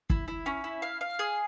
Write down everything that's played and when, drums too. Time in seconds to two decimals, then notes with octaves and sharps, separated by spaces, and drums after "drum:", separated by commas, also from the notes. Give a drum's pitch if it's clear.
0.10 E4, drum: kick
0.28 E4
0.46 C#4
0.64 E4
0.82 F5
1.01 F5
1.19 G#4